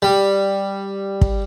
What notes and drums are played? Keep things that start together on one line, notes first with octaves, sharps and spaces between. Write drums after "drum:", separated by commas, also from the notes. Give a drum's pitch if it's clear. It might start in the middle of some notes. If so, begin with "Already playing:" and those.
G3
drum: kick